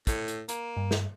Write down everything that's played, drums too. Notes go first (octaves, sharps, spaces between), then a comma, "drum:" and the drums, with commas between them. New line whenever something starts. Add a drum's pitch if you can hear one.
A2, drum: kick, hi-hat
drum: hi-hat
A#3, drum: hi-hat
G2
drum: snare